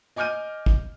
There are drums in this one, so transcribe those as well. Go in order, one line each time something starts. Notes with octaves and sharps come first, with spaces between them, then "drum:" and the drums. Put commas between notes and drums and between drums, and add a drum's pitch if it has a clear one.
D#5 G#5 D6 F6 G6 D#7
drum: kick